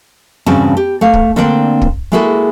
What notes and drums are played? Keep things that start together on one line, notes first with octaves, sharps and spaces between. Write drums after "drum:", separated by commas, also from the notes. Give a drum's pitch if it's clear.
E2 G2 C#3 C4 F#4 A5
G4
A3 F5
drum: kick
D3 A#3 C4 D4 D5 G5
drum: kick
G#3 A#3 E4 F#4 G#4 A4